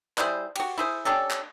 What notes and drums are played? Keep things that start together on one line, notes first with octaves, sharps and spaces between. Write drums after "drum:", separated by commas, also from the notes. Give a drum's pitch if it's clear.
G3 E4 G#4 C5, drum: clap
F#4 G4, drum: cymbal
E4 G#4 C5
C#4 D4 G4 A4
drum: clap